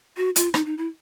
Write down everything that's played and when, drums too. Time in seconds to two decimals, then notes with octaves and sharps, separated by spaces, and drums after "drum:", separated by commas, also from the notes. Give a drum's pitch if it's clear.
0.17 F#4
0.36 F4, drum: hi-hat
0.54 D#4, drum: rim click
0.66 D#4
0.78 E4